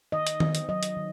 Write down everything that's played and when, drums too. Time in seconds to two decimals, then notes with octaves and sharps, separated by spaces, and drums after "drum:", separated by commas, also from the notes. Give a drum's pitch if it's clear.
0.12 D#3 D#5
0.27 drum: hi-hat
0.40 C4, drum: tom D#3
0.55 drum: hi-hat
0.69 F#3 D#5
0.83 drum: hi-hat
0.97 D#3